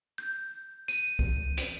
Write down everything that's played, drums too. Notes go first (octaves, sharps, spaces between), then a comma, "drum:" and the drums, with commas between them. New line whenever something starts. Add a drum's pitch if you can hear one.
G6
D#7, drum: tambourine
drum: kick C2
drum: hi-hat